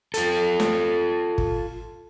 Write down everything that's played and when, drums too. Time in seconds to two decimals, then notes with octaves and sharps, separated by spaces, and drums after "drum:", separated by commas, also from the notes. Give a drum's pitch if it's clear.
0.14 F4 A4, drum: hi-hat
0.60 drum: snare
1.38 drum: kick G#1